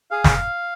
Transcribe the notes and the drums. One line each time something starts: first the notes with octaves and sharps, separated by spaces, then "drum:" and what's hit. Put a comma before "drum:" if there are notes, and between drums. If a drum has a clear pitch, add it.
G#4 F5
drum: snare